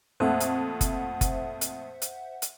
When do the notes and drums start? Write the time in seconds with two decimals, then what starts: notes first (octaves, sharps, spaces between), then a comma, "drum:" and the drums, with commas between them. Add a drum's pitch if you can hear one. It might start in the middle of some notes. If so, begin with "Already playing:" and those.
0.20 F2 A#2 A3 C5 E5 F#5
0.40 drum: hi-hat
0.81 drum: kick F#1, hi-hat
1.21 drum: kick F#1, hi-hat
1.61 drum: hi-hat
2.02 drum: hi-hat
2.42 drum: hi-hat